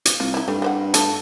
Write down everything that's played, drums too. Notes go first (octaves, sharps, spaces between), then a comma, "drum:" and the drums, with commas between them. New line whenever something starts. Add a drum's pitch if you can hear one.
drum: hi-hat
C2 F4
D#4 E4
G2 A3
G3 C5 F#5
A3 A4, drum: hi-hat